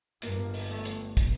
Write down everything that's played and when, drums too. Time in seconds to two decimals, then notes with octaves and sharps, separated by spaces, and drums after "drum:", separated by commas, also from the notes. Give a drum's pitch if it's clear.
0.22 G1 G2 A#3, drum: hi-hat
0.54 drum: open hi-hat
0.69 A3
0.85 drum: hi-hat
1.17 drum: kick, hi-hat